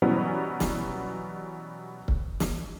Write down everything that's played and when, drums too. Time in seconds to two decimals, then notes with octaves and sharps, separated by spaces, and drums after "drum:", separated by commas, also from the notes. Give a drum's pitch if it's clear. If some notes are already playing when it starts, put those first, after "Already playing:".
0.02 B2 E3 F#3 G3 B3 C#4
0.60 drum: snare
2.08 drum: kick C#1
2.40 drum: snare